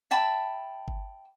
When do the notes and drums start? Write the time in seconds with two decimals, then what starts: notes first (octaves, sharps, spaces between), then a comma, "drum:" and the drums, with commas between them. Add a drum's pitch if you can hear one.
0.11 E5 G5 A5 B5
0.88 drum: kick G1